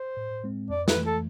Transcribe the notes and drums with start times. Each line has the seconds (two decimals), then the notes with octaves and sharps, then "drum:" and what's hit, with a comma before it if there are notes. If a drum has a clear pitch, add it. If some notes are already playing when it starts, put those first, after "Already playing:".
Already playing: C5
0.17 A2
0.44 G#3 C4
0.70 F2 D5
0.88 B4, drum: snare
0.97 E3 A3
1.05 A4